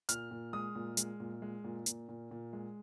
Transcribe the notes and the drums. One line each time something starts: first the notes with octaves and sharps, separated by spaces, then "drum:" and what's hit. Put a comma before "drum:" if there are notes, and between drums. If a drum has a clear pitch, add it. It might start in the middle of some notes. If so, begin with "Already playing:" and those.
A#2 F6, drum: hi-hat
A#2
G#3 D#6
A#2
G#3, drum: hi-hat
A#2
G#3
A#2
A#2, drum: hi-hat
A#2
A#2
G#3